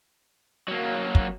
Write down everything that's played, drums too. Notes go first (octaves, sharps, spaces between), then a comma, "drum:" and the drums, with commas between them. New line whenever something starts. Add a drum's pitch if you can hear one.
F#3 A#3
drum: kick